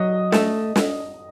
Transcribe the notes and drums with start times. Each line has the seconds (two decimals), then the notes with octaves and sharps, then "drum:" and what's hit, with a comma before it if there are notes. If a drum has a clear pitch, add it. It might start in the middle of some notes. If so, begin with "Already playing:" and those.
Already playing: F#3 D#5
0.32 A3, drum: snare
0.76 drum: snare